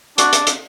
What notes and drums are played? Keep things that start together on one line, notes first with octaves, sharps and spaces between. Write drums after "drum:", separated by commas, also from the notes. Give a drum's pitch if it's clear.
D4 F#4, drum: hi-hat
drum: hi-hat
drum: hi-hat